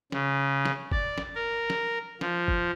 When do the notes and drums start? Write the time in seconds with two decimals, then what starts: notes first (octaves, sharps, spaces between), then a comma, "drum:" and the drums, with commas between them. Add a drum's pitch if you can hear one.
0.12 C#3, drum: snare
0.65 drum: snare
0.92 D5, drum: kick F#1
1.18 drum: snare
1.35 A#4
1.70 drum: snare
2.21 F3, drum: snare
2.48 drum: kick F#1